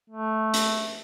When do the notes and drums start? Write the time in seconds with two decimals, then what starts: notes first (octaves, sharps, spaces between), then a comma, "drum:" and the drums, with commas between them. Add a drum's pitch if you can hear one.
0.10 A3
0.54 drum: hi-hat